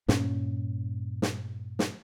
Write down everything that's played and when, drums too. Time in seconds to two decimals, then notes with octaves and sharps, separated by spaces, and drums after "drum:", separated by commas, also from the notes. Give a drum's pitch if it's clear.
0.08 G2 A#2 C#4, drum: snare
1.22 drum: snare
1.79 drum: snare